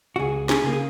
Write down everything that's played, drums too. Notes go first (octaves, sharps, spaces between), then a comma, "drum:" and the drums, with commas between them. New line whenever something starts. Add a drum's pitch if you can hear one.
F#4
C#2 G#4
G#4, drum: snare
C#3 A#3
G#4